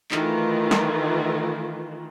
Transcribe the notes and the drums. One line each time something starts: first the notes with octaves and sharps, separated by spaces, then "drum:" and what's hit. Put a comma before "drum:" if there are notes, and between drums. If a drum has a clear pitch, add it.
D#3 E3 A3 F4, drum: clap
drum: snare